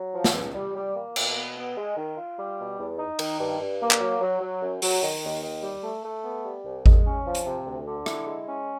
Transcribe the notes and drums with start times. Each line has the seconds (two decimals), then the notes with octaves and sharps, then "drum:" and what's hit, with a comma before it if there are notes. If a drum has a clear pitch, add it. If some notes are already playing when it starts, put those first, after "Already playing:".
Already playing: F#3
0.14 F3
0.24 drum: snare
0.34 C#2
0.55 G3
0.76 G3
0.95 A#3
1.16 B2, drum: cymbal
1.37 B3
1.57 B3
1.77 G#3
1.97 D#3
2.17 F4
2.38 G3
2.58 B2
2.79 E2
2.98 D#4
3.19 D#3, drum: cymbal
3.39 G2
3.60 G2
3.81 A#3
3.91 drum: clap
4.00 F#3
4.21 F#3
4.41 F#3
4.62 F#2
4.82 F#3, drum: open hi-hat
5.02 D#3
5.23 D#2
5.43 D#3
5.62 G3
5.83 A3
6.04 A3
6.24 B3
6.44 G3
6.64 C2
6.86 G#3, drum: kick G#1
7.06 C#4
7.26 F3
7.35 drum: hi-hat
7.46 C3
7.66 D2
7.87 D3
8.06 E4, drum: rim click
8.27 G#3
8.48 C#4